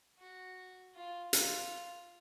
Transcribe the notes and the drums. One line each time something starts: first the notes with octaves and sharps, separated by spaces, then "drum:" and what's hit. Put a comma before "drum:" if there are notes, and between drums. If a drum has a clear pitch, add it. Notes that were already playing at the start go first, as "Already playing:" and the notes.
F#4
F4
F4, drum: hi-hat